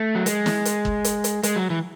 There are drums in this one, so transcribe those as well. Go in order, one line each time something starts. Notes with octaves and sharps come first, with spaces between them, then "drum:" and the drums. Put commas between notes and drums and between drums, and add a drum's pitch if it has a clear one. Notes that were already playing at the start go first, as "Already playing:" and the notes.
Already playing: A3
F#3
G#3, drum: hi-hat
drum: snare
drum: hi-hat
drum: kick
drum: hi-hat
drum: hi-hat
G#3, drum: hi-hat
F#3
E3